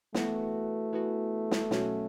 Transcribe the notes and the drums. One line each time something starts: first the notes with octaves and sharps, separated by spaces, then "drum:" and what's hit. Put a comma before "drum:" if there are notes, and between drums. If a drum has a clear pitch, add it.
E3 A3 B3 F#4, drum: snare
E3 B3 F#4
drum: snare
B2 F#3 C#4 F#4, drum: snare